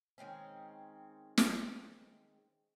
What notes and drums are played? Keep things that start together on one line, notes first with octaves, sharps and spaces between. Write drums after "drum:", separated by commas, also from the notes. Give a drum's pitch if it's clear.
D#3 G#3 C4 C#4
drum: snare